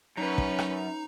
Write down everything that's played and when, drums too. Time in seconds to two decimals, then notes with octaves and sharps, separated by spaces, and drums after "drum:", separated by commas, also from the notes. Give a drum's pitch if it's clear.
0.17 F#2 C#4 D#4 B4 A#5
0.38 drum: kick
0.58 drum: rim click